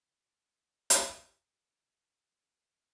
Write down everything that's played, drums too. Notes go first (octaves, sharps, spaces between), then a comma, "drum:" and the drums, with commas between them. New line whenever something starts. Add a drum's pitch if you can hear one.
G#3 A3 B3 D4 B4 D#5
drum: hi-hat